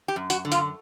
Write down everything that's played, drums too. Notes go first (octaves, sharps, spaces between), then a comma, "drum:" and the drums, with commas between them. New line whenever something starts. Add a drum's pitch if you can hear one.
G4
F#2
F#4, drum: hi-hat
D3
F4, drum: hi-hat